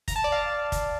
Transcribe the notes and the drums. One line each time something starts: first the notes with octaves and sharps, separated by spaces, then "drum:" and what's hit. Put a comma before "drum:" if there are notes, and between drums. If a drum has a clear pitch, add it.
A#5, drum: kick, hi-hat
A5
D5
F5
drum: kick, hi-hat